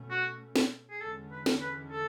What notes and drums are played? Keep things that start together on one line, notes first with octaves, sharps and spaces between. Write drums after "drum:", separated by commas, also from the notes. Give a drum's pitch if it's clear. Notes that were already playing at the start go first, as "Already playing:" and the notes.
Already playing: B2 A3 C#4
F#4
drum: snare
G#4
E2 D3 G#3 C#4 A4
B4
drum: snare
B4
A4